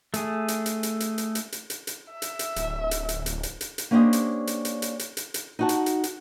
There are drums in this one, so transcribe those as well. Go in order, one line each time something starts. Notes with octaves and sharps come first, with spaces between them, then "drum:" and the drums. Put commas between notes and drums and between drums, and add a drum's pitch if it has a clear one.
A3 G#4, drum: hi-hat
drum: hi-hat
drum: hi-hat
drum: hi-hat
drum: hi-hat
drum: hi-hat
drum: hi-hat
drum: hi-hat
drum: hi-hat
drum: hi-hat
E5
drum: hi-hat
drum: hi-hat
D1, drum: hi-hat
drum: hi-hat
drum: hi-hat
drum: hi-hat
drum: hi-hat
drum: hi-hat
drum: hi-hat
A#3 C#4 D4 G4 C5 D#5
drum: hi-hat
drum: hi-hat
drum: hi-hat
drum: hi-hat
drum: hi-hat
drum: hi-hat
drum: hi-hat
D#4 F#4 A5
drum: hi-hat
drum: hi-hat
drum: hi-hat